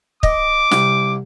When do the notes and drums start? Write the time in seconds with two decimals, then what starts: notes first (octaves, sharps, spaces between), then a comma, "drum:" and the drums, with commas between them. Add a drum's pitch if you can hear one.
0.23 D#5 D6, drum: kick
0.71 C2, drum: snare